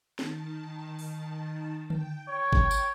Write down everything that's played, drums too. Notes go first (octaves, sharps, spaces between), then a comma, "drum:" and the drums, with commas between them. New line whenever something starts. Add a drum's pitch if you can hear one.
D#3 A5, drum: snare
drum: open hi-hat
G5, drum: tom D3
C#5
drum: kick G#1
drum: tambourine